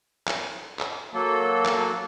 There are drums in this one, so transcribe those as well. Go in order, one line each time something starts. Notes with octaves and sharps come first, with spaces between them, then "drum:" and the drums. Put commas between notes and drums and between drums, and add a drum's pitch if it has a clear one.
drum: clap
drum: clap
F#3 A#3 A4
drum: clap